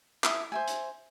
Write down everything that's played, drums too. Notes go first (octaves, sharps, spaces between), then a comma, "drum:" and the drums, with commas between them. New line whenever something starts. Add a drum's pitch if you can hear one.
E4 A4 D#6, drum: clap
C5 E5 G#5
drum: hi-hat